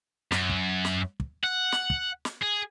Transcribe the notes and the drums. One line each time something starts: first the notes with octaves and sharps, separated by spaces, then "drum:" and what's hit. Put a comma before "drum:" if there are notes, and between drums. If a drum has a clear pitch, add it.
F#2, drum: snare
drum: kick
drum: snare
drum: kick
F#5
drum: snare
drum: kick
drum: snare
G#4